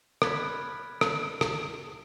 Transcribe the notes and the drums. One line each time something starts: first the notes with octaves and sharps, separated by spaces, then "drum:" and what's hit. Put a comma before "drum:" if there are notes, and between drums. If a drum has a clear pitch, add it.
B5 F6 F#6 G#6 A6 B6, drum: rim click
drum: rim click
drum: rim click